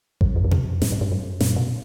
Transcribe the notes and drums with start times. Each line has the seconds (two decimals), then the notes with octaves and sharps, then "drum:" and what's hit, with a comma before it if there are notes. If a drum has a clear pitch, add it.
0.21 F#2, drum: kick A1
0.36 F2
0.44 E2
0.51 F2, drum: tom B2
0.82 A2, drum: snare
0.92 G#2
1.01 G2
1.11 F#2
1.40 A#2, drum: snare
1.56 B2